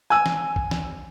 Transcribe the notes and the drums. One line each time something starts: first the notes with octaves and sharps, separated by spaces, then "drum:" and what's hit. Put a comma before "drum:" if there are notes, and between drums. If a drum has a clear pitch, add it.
G#5 E6
drum: snare
drum: kick
drum: snare